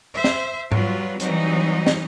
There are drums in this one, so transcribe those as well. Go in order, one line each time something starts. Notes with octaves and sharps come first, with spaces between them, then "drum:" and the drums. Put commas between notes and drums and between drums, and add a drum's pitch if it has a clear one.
C5 E5
drum: snare
F#3 G3 F4 B4, drum: tom G#2
E3 F#3 G3 C4 D#4, drum: hi-hat
drum: snare